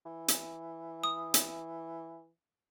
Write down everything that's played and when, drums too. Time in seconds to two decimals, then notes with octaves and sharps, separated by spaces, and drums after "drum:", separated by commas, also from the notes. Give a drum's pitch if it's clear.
0.06 E3
0.28 drum: hi-hat
1.04 D#6
1.34 drum: hi-hat